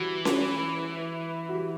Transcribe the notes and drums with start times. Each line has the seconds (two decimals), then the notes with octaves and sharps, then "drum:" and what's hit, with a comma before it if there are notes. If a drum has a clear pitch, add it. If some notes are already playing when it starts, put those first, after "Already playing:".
Already playing: E3 F#4 G4
0.25 F#4, drum: snare C#4
1.49 F#4
1.55 G4